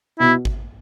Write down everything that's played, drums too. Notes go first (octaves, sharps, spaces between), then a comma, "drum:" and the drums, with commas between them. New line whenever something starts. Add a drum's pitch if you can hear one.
B2 E4
drum: kick G#1